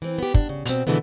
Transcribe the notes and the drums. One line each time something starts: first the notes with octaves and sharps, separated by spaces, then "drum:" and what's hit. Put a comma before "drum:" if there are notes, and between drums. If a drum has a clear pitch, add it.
E3 C4
B3 G4
D4, drum: kick
C#3
B2 C4, drum: hi-hat
B2 D3 E3 G#3 A3 B3